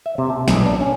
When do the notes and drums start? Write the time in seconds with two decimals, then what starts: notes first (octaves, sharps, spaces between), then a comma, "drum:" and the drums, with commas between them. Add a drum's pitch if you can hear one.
0.06 E5
0.18 C3
0.30 A5
0.48 B1, drum: snare
0.66 D4
0.81 C#4